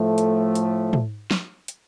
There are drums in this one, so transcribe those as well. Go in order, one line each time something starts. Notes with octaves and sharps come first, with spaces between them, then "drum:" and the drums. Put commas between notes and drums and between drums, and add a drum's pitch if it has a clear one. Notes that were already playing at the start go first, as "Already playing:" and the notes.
Already playing: A2 F3 A3
drum: hi-hat
drum: hi-hat
drum: tom
drum: snare
drum: hi-hat